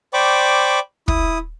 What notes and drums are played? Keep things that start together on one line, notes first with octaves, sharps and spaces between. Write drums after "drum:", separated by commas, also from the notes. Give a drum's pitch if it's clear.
C5 D5 G5 B5 C#6 D6
E4 D#6, drum: kick